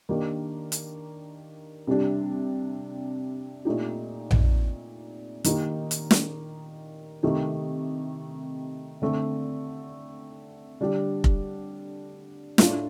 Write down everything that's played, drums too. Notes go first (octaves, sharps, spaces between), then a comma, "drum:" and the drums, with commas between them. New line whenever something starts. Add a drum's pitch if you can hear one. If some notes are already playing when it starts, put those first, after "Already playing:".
D#3 A#3 D4 G4
drum: hi-hat
C3 G3 D4 G4
A#2 A3 D#4 G4
drum: tom A#1
D#3 A#3 D#4 G4, drum: hi-hat
drum: hi-hat
drum: snare
C3 D#3 A3 D#4 G4
D3 A3 C4
D3 G3 D4 G4
drum: kick F1
A2 A3 D4 F4, drum: snare